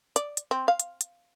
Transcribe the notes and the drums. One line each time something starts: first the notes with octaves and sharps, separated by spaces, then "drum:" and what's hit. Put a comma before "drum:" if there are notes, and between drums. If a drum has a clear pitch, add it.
D5, drum: hi-hat
drum: hi-hat
C4
F5
drum: hi-hat
drum: hi-hat